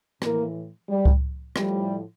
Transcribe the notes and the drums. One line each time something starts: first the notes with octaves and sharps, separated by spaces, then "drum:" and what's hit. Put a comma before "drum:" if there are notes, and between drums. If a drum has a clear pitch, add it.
A2 E3 A#3, drum: rim click
G3
drum: kick C#2
A2 F3 G3, drum: rim click